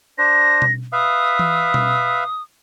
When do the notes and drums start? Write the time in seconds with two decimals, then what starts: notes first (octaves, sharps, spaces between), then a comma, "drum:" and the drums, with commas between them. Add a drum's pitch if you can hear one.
0.18 D4 C5 A#6
0.62 drum: tom B2
0.93 B4 E5 F5 D#6
1.39 drum: tom E3
1.74 drum: tom B2